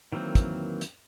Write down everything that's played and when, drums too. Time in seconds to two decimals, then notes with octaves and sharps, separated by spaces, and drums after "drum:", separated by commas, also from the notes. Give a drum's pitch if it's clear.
0.12 D#3 E3 F#3 A#3 C4
0.35 drum: kick, hi-hat
0.81 drum: hi-hat